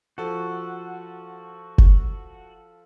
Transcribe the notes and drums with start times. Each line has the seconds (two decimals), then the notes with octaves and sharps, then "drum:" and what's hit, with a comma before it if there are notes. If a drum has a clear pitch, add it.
0.18 F3 F#4 A4
1.78 drum: kick F#1